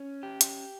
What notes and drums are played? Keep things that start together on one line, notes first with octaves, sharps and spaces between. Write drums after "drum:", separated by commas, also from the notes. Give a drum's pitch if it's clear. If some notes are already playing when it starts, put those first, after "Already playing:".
Already playing: C#4
G4
drum: hi-hat